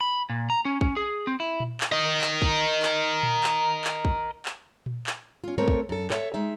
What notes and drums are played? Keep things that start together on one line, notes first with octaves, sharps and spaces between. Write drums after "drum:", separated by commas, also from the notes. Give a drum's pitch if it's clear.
B5
A#2
A#5
C#4
C#4, drum: kick
G#4
C4
E4
drum: tom A#2
drum: clap
A#4 D#5
drum: clap
drum: kick
drum: clap
drum: tom A#2
drum: clap
drum: clap
drum: kick
drum: clap
drum: tom A#2
drum: clap
C#4 F4
A3 C4 A4 A#4 C#5
drum: kick
F#2 A4
A4 C#5 E5, drum: clap
G#3 D#4 E5